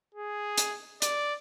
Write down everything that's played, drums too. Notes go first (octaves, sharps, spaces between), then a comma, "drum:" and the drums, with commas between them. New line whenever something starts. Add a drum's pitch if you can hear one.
G#4
drum: hi-hat
D5, drum: hi-hat